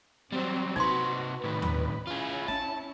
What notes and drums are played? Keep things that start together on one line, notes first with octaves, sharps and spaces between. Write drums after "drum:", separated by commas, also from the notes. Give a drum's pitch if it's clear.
F#3 G3 C4
C3 D#4 F#4 B4 C6, drum: snare
A2 D#3 B4
drum: tom D#2
C#4 E4 F4 G#4
A5, drum: snare